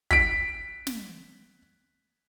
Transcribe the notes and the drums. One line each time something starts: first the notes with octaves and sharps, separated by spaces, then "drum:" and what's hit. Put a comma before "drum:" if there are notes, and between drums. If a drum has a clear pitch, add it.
B6 D7, drum: kick
drum: snare